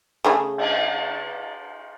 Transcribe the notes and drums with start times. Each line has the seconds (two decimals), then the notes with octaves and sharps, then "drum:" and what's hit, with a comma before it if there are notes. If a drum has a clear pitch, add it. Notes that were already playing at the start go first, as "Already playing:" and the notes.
0.24 C#3 A3 G#4
0.58 drum: cymbal